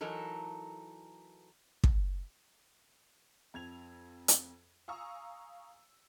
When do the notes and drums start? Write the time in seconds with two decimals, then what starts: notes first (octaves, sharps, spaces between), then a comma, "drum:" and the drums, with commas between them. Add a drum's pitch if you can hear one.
0.01 E3 F#3 D#4 A4 A#4
1.84 drum: kick
3.54 F2 G#6 F7
4.28 drum: hi-hat
4.88 F5 G#5 A#5 C#6 D#6 E6